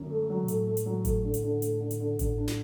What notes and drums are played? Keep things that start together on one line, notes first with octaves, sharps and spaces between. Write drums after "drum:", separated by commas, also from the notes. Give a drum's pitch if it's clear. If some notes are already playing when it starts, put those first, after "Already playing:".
Already playing: F#2 D3
A3
F#3
B2
A2 A3, drum: hi-hat
A3
drum: hi-hat
F#3
A3, drum: kick G#1, hi-hat
D3
drum: hi-hat
D3
A3, drum: hi-hat
D3
drum: hi-hat
D3
A2 D3, drum: kick G#1, hi-hat
D4
drum: snare